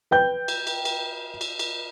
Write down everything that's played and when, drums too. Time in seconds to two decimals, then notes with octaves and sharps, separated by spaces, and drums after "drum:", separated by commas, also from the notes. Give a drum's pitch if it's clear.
0.11 B4 G5 G6
0.48 drum: cymbal
0.67 drum: cymbal
0.85 drum: cymbal
1.41 drum: cymbal
1.59 drum: cymbal